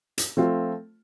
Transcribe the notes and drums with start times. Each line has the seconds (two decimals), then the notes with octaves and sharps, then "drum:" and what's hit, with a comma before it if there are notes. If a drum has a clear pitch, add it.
0.18 drum: hi-hat
0.37 F3 A3 C4 F4